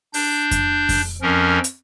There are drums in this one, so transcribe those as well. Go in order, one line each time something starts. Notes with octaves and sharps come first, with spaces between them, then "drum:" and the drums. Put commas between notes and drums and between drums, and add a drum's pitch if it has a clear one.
D4 G6, drum: open hi-hat
drum: kick F2, hi-hat
drum: kick F2, open hi-hat
F2 F3 C#4 A#4
drum: hi-hat